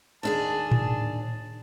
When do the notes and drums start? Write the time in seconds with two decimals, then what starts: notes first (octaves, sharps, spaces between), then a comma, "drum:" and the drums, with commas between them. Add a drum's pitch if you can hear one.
0.23 D#2 D4 G#4 A5
0.72 drum: tom A2